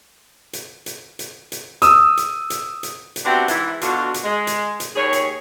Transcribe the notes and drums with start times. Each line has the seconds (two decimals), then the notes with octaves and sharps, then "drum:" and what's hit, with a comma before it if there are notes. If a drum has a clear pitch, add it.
0.53 drum: hi-hat
0.86 drum: hi-hat
1.19 drum: hi-hat
1.52 drum: hi-hat
1.82 D#6 E6, drum: hi-hat
2.17 drum: hi-hat
2.50 drum: hi-hat
2.83 drum: hi-hat
3.16 drum: hi-hat
3.25 B3 C4 D4 E4 F#4 G4
3.48 G#2 E3 E4, drum: hi-hat
3.81 B2 D3 D4 F4 F#4, drum: hi-hat
4.14 drum: hi-hat
4.24 G#3
4.47 drum: hi-hat
4.80 drum: hi-hat
4.96 D#2 G#4 C#5
5.13 drum: hi-hat